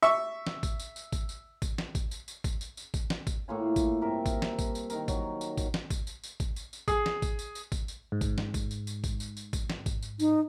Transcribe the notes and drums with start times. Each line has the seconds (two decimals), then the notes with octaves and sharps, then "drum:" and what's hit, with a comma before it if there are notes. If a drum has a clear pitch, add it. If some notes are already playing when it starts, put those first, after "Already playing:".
0.02 E5 C#6
0.47 drum: snare
0.63 drum: kick, tambourine
0.80 drum: tambourine
0.96 drum: tambourine
1.12 drum: kick, tambourine
1.29 drum: tambourine
1.62 drum: kick, tambourine
1.78 drum: snare
1.95 drum: kick, tambourine
2.11 drum: tambourine
2.28 drum: tambourine
2.44 drum: kick, tambourine
2.61 drum: tambourine
2.77 drum: tambourine
2.94 drum: kick, tambourine
3.10 drum: snare
3.27 drum: kick, tambourine
3.48 A2 A#3 F4 G#5
3.76 drum: kick, tambourine
4.01 G2 C3 A#4 E5
4.26 drum: kick, tambourine
4.42 drum: snare
4.59 drum: kick, tambourine
4.75 drum: tambourine
4.90 D#3 D#4 A#4, drum: tambourine
5.08 F#3, drum: kick, tambourine
5.41 drum: tambourine
5.57 drum: kick, tambourine
5.74 drum: snare
5.90 drum: kick, tambourine
6.07 drum: tambourine
6.23 drum: tambourine
6.40 drum: kick, tambourine
6.56 drum: tambourine
6.73 drum: tambourine
6.88 G#4, drum: kick, tambourine
7.06 drum: snare
7.22 drum: kick, tambourine
7.39 drum: tambourine
7.55 drum: tambourine
7.72 drum: kick, tambourine
7.88 drum: tambourine
8.12 G#2
8.21 drum: kick, tambourine
8.38 drum: snare
8.54 drum: kick, tambourine
8.71 drum: tambourine
8.87 drum: tambourine
9.04 drum: kick, tambourine
9.20 drum: tambourine
9.37 drum: tambourine
9.53 drum: kick, tambourine
9.70 drum: snare
9.86 drum: kick, tambourine
10.03 drum: tambourine
10.20 D#4, drum: tambourine